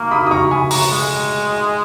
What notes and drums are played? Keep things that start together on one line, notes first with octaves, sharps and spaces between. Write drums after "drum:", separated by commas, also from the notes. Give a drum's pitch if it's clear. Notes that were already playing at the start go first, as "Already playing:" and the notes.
Already playing: A#3 C#6
B5 D#6
D#6
A#5 C#6
G#5 B5
A#5 C#6, drum: open hi-hat
G#3